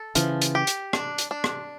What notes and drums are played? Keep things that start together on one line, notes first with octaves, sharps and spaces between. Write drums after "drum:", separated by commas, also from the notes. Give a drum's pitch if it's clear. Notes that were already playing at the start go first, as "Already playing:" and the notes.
Already playing: A4
C#3 E3 F3, drum: hi-hat
drum: hi-hat
G4
drum: hi-hat
D4, drum: rim click
drum: hi-hat
D4
drum: rim click